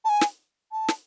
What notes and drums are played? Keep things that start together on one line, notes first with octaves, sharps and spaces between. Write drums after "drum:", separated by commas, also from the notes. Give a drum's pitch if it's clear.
A5
G#5
drum: snare
A5
drum: snare